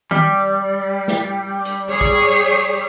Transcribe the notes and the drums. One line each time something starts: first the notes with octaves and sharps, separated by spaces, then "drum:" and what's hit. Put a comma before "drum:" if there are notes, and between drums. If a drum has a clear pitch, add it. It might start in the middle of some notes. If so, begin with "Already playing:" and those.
G3, drum: tom D#3
drum: snare
drum: hi-hat
G#4 C#5
drum: kick